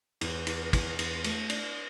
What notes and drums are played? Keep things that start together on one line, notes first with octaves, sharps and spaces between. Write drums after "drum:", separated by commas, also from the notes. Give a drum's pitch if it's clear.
E2, drum: cymbal
E2, drum: cymbal
E2, drum: kick, cymbal
E2, drum: cymbal
A3, drum: cymbal
D4, drum: cymbal